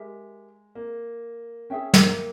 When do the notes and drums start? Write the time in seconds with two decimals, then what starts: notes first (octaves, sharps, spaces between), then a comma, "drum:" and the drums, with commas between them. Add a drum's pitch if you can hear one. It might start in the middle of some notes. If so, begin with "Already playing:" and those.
Already playing: G#3 G4 A#4 E5
0.75 A#3
1.70 C#4 E4 G#4 E5 G5
1.94 A#3, drum: snare